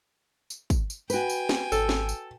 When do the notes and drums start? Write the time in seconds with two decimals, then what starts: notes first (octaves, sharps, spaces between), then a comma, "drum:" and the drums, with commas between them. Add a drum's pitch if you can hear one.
0.50 drum: tambourine
0.70 drum: kick, tambourine
0.90 drum: tambourine
1.10 F#4 B4 G5 G#5, drum: tambourine
1.29 drum: tambourine
1.49 drum: snare
1.72 G#1 A4, drum: tambourine
1.89 drum: snare
2.09 drum: tambourine